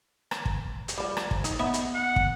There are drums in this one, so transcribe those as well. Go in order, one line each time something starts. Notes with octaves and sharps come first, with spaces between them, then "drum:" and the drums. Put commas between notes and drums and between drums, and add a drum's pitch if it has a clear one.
drum: rim click
drum: kick
drum: hi-hat
F3 G3
drum: rim click
drum: kick
D#4, drum: hi-hat
B3 D#4 E5
drum: hi-hat
F#5
drum: kick